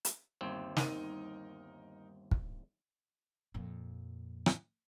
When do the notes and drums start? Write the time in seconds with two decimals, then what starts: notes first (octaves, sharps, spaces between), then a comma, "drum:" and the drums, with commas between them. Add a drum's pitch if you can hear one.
0.05 drum: hi-hat
0.41 G1 D#2 C4
0.77 D#4 A#4 D#7, drum: snare
2.31 drum: kick
3.54 F2 A#2
4.46 drum: rim click